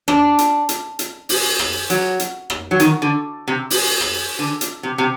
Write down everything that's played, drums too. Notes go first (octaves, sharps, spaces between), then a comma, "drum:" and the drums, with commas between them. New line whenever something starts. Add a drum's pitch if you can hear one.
D4, drum: rim click
drum: hi-hat
drum: hi-hat
drum: hi-hat
drum: open hi-hat
drum: rim click
F#3, drum: hi-hat
drum: hi-hat
drum: rim click
F#3
D#3, drum: hi-hat
D3
C3
drum: open hi-hat
drum: rim click
D3
drum: hi-hat
C3
C3